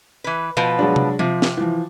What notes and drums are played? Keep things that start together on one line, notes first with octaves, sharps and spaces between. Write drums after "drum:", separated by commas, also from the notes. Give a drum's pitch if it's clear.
E3 B4
B2 F3 B4
F#3 G#3 D4
drum: tom C3
C3 F3
drum: snare
E3 F3